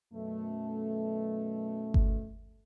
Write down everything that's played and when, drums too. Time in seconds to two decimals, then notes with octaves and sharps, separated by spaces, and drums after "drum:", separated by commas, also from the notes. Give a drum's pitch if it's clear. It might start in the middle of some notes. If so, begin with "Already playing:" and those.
0.13 F#2 B2 A3
1.94 drum: kick G1